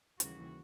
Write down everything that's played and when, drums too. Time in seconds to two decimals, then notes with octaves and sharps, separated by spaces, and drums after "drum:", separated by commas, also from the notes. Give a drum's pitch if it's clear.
0.20 D#2 C#3 E3 G3 F#4, drum: hi-hat